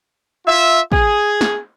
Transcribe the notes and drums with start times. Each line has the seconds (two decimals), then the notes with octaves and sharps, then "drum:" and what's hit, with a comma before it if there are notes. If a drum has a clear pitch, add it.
0.46 F4 E5
0.92 G#4, drum: kick
1.41 drum: snare